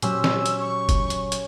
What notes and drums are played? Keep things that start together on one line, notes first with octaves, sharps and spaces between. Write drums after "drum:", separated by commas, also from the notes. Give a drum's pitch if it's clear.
A#2 F#3 C#4 G4 C5 E6, drum: hi-hat
drum: snare
drum: hi-hat
C#6
drum: kick F#1, hi-hat
drum: hi-hat
drum: hi-hat